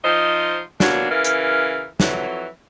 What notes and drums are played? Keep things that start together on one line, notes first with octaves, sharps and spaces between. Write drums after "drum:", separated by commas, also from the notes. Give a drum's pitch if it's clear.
F3 D#4 C5 D#5
B2 F#3 A#3 D4, drum: snare
C#3 E3 A#4 F5
drum: hi-hat
F2 E3 F#3, drum: snare